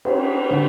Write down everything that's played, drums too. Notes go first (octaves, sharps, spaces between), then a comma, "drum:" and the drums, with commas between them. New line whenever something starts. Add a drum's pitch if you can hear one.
drum: cymbal
D3